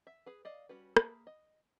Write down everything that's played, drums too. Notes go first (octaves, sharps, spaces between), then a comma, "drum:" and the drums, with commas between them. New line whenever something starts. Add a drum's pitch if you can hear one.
E5
G#4 B4
D5 D#5 F5
G3 C#4 F#4 B4
A#3 G#4 E5 A5 B5, drum: rim click
D#5